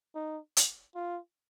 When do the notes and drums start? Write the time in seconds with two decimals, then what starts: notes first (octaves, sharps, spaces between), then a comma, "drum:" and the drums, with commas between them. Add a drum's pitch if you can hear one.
0.15 D#4
0.57 drum: hi-hat
0.95 F4